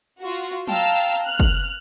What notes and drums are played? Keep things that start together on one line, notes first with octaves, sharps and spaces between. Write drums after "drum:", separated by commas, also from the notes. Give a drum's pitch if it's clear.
F4 F#4
F5 G5 A5 A#5 E6 F6, drum: tom F3
F6 F#6
drum: kick